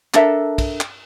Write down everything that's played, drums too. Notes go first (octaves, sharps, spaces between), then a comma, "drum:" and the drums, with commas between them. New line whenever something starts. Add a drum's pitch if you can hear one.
D4 A4 A#4 E5, drum: clap
drum: kick, cymbal
drum: clap